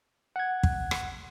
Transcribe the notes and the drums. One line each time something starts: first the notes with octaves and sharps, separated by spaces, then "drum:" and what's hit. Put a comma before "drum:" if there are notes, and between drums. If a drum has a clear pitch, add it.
F#5 G#6
drum: kick
drum: rim click